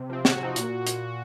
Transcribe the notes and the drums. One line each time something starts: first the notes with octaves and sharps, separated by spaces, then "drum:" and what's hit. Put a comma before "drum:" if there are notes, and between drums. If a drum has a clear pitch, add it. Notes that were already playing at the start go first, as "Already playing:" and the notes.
Already playing: C3
F3 C4
C3 F#4, drum: snare
F3 C4 D#4
A#2, drum: hi-hat
drum: hi-hat